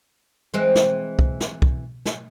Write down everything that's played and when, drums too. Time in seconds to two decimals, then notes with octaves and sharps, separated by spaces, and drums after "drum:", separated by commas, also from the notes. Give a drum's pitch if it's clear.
0.54 E3 G#3 C4
0.75 drum: snare
1.19 drum: kick
1.40 drum: snare
1.62 drum: kick
2.05 drum: snare